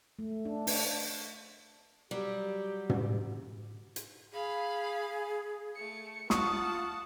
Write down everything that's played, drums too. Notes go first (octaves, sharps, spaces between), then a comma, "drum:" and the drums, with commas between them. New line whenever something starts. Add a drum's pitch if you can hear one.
A3
D4
D4, drum: open hi-hat
F#3 G3 G4
drum: tom
drum: hi-hat
G#4 F5 B5
A3 C#7
F4 F#5 A5 C#6 D#6, drum: snare